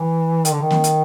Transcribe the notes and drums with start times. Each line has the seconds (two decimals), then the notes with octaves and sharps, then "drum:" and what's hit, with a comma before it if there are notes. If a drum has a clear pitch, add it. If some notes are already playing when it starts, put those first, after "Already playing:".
Already playing: E3
0.45 D#3, drum: hi-hat
0.52 D3
0.61 D#3
0.71 drum: snare A#3
0.84 drum: hi-hat